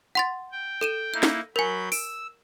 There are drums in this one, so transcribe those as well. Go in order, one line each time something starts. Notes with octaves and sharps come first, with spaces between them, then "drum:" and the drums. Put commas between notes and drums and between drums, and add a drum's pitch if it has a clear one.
F#5 C6 A6
G5
A4 D#7 E7
A#3 D#4 E4 G6
drum: snare
F#3 A#4 G#5 B5 G6
E6 D7, drum: open hi-hat